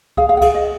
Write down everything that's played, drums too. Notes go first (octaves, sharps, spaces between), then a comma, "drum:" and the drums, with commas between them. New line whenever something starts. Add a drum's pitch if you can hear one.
G#4 F5, drum: kick C#2
F5
F#5
G#4 F5, drum: kick C#2, cymbal
D#5